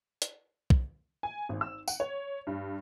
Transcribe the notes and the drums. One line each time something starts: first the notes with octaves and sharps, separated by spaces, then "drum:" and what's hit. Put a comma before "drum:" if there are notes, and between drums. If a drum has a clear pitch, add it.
drum: hi-hat
drum: kick
G#5
G#1
E6
F#5, drum: tambourine
C#5
G2